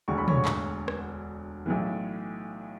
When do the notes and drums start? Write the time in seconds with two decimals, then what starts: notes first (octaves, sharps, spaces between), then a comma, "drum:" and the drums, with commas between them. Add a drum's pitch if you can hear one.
0.08 E1 D2 D3 C#6
0.18 B5
0.28 C#5 C#6, drum: tom
0.45 drum: clap
0.88 drum: rim click
1.66 B1 A2 E3